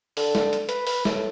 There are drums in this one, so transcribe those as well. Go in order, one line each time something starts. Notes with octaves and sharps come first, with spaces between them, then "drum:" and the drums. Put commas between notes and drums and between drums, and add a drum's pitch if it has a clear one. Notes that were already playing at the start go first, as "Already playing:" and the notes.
D3, drum: open hi-hat
drum: snare
drum: hi-hat
B4, drum: hi-hat
B4, drum: open hi-hat
A2, drum: snare